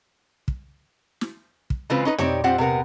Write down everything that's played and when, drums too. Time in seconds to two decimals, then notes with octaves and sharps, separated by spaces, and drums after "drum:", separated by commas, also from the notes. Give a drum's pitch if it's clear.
0.48 drum: kick
1.21 drum: snare
1.70 drum: kick
1.90 C#3 E3 G#3 C4 F4 B4
2.05 C#4 D#4 A4 B4
2.18 C4 D#4 G4 C#5 D5, drum: tom
2.44 G3 C4 F4 G4 C5 F#5
2.58 C3 B3 A#4 F#5